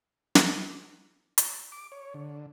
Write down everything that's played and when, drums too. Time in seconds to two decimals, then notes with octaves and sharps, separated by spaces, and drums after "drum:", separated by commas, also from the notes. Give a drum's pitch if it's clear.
0.35 drum: snare
1.38 drum: hi-hat
1.72 D6
1.92 C#5
2.14 D3